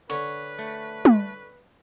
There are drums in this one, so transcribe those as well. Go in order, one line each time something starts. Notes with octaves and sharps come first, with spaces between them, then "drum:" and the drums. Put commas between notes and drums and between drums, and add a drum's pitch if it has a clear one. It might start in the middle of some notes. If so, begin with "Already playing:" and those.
D3 C#4 B4 C#5
A3
drum: tom